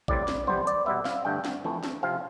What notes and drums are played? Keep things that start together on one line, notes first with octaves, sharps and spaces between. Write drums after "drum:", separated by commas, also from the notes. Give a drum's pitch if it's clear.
A2 G3 C4 D5, drum: kick A1
drum: snare
C3 G3 B3 C5, drum: tom
D5, drum: hi-hat
B2 G3 B3 E5
F5, drum: snare
G2 D3 A3 G5
drum: snare
F2 E3 A3
drum: snare
C3 F3 C4 F5